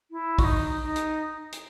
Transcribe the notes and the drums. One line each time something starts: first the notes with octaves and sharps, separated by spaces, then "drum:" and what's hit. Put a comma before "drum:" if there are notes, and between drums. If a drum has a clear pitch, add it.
E4
F#4, drum: kick, open hi-hat
D#4
D#4
drum: hi-hat
drum: hi-hat